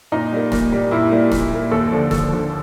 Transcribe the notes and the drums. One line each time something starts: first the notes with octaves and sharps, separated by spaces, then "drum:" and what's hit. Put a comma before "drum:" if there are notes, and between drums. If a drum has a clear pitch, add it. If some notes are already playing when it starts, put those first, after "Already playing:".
A#2 D#4
G3 A#3
A#2, drum: snare
G3 A#3
A#2 E4
G3 A#3
A#2, drum: snare
G3 A#3
D#2 A4
D3 F3
D#2 A4, drum: snare
D3 F3